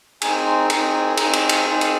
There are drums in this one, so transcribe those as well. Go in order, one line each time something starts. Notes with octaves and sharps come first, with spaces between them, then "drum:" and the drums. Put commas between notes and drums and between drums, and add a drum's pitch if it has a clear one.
C4 D#4 G#4 G#5, drum: cymbal
C6
C4 D#4 G#4 A#5, drum: cymbal
G#5
C4 D#4 G#4 A#5, drum: cymbal
drum: cymbal
drum: cymbal
C4 D#4 G#4 C6
drum: cymbal